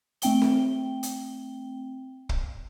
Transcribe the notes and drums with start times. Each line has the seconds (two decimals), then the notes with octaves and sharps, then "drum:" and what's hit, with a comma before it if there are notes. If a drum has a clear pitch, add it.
0.22 A3 C4 G5 G7, drum: hi-hat
0.42 drum: snare C4
1.03 drum: hi-hat
2.29 drum: kick